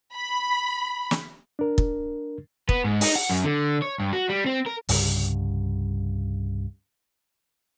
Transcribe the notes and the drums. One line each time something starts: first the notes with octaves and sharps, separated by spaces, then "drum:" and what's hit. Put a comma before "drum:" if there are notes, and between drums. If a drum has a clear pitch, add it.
B5
drum: snare
D4 A#4
drum: kick
B3, drum: kick
G#2
D#4, drum: open hi-hat
F#5
F#2
D3
C#5
G2
F#4
G3
C4
A#4
C2 G2 C#3 G3, drum: open hi-hat